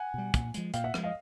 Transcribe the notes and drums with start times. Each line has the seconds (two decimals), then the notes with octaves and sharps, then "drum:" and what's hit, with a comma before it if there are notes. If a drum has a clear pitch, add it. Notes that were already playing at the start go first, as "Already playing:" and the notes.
Already playing: F#5 G#5
0.14 B2 G3
0.34 A#2, drum: kick, hi-hat
0.54 F3 G#3, drum: hi-hat
0.74 A#2 F5 G5, drum: hi-hat
0.84 E5 F#5
0.94 F3 G#3, drum: rim click
1.03 D#5 F5